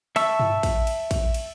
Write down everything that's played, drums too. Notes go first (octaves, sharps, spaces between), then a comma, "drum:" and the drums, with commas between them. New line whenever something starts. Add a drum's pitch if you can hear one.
E5 A5 C#6 E6, drum: cymbal
drum: tom G2
drum: kick, cymbal
drum: cymbal
drum: kick, cymbal
drum: cymbal